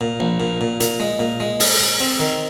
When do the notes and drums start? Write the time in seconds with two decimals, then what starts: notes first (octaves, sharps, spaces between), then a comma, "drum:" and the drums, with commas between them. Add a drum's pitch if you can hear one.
0.01 A#2
0.20 A#1
0.40 A#2
0.61 A#2
0.80 A#2, drum: hi-hat
1.00 G#3
1.19 A#2
1.40 G#3
1.60 G#4, drum: open hi-hat
1.80 G#4
2.00 C4
2.20 D#3